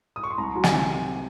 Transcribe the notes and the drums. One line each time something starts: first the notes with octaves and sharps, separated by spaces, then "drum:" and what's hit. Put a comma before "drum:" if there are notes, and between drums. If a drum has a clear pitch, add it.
D#6
C#6
C6
C2 A#5
F#3
G#5, drum: snare
C3